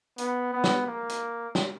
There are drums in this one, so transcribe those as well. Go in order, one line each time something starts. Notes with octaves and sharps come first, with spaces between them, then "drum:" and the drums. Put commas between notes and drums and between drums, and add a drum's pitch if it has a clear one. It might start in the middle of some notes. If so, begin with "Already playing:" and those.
B3, drum: hi-hat
B3
drum: snare
A#3
drum: hi-hat
drum: snare